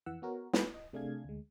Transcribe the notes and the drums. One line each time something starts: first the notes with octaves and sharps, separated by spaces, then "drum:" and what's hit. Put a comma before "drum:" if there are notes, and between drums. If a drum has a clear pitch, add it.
F2 E3 F#5 E6
B3 F#4 A#4 C#5
A3 B3 D#4 F#4 B4 G#5, drum: snare
D#5
C3 A3 D4 G#4 F5 G#6
D2 G#3